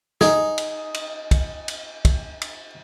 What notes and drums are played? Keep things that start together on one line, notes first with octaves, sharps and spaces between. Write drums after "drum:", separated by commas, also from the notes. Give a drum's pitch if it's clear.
D#4 G#4, drum: snare
drum: cymbal
drum: cymbal
drum: kick, cymbal
drum: cymbal
drum: kick, cymbal
drum: cymbal